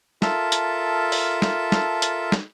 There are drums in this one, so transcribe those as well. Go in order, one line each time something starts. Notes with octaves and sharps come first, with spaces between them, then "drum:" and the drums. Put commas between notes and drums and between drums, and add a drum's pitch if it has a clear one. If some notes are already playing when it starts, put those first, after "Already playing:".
F4 A4 A#4 E5 A5, drum: snare
drum: hi-hat
drum: open hi-hat
drum: snare
drum: snare
drum: hi-hat
drum: snare